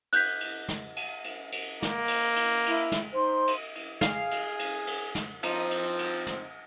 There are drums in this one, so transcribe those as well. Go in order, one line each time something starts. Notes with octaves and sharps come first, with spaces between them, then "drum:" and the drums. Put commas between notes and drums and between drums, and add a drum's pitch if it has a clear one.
F#6 G6 B6, drum: cymbal
drum: cymbal
drum: snare
drum: cymbal
drum: cymbal
drum: cymbal
A#3, drum: snare
drum: cymbal
drum: cymbal
E4, drum: cymbal
drum: snare
D#4 C5 C6
drum: cymbal
drum: cymbal
G#4 F5, drum: snare
drum: cymbal
drum: cymbal
drum: cymbal
drum: snare
F3 C4 D#4, drum: cymbal
drum: cymbal
drum: cymbal
drum: snare